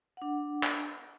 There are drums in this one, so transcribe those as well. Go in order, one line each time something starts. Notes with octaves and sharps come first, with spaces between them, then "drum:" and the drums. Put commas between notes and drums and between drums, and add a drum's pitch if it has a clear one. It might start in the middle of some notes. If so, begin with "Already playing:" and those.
D4 F#5
drum: clap